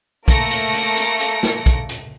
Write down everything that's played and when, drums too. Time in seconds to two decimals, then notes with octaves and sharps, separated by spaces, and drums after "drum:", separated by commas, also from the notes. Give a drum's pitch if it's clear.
0.28 A3 A#3 A#6 C#7 D7, drum: kick, hi-hat
0.51 drum: hi-hat
0.74 drum: hi-hat
0.97 drum: hi-hat
1.20 drum: hi-hat
1.43 drum: snare
1.66 drum: kick, hi-hat
1.89 drum: hi-hat